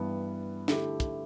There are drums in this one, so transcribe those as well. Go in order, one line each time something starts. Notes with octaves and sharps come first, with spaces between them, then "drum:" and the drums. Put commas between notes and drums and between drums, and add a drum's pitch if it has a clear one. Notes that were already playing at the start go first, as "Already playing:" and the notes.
Already playing: G2 E3 G3 B3
D3 A3 E4 G4, drum: snare
drum: kick, hi-hat